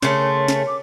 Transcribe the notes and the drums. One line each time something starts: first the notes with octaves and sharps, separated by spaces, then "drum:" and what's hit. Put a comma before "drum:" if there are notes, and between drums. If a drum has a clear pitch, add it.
C#3 A3 A#4 C#5 C6, drum: snare
drum: snare
D6